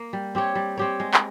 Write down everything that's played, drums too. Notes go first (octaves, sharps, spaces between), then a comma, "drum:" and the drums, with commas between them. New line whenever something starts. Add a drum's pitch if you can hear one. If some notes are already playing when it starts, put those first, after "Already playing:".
Already playing: A#3
G3
C4 G4 C#5
G3
C4 G4 C#5
G#3
drum: clap